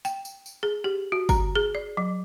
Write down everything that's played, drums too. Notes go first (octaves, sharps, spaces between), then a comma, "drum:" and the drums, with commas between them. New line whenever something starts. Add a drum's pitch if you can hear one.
G5, drum: tambourine
drum: tambourine
drum: tambourine
G#4
G4
F#4
A#5, drum: kick G1, tambourine
G#4
D5
F#3